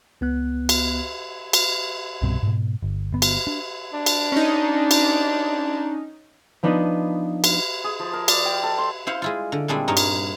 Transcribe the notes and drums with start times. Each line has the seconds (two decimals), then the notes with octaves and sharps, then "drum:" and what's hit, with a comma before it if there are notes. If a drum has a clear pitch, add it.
0.21 C#2 B3 F#6
0.69 drum: cymbal
1.53 drum: cymbal
2.22 C2 G2 B2 C4
2.43 G#2 B2
2.82 G1
3.13 G1 B3
3.22 drum: cymbal
3.47 D4
3.93 D4
4.06 drum: cymbal
4.32 C#4 D#4
4.91 drum: cymbal
6.63 F3 B3 D4 D#4 B4 D#5
7.44 drum: cymbal
7.84 G#4
7.99 F3
8.13 A#4
8.28 D5, drum: cymbal
8.45 G5
8.63 A4
8.78 C6
9.07 E4 C5 F5 F#5
9.22 G#3 E4 F4
9.52 D3
9.68 A#2 G3 G#3 C4 D4 E4
9.88 G2 D#4 A#4 C#5
9.97 drum: cymbal